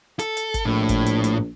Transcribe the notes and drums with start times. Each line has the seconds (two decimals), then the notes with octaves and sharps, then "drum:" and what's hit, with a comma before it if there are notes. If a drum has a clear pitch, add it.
0.19 A4, drum: hi-hat
0.37 drum: hi-hat
0.54 drum: kick G1, hi-hat
0.65 A#1 A2
0.89 drum: kick G1, hi-hat
1.06 drum: hi-hat
1.24 drum: hi-hat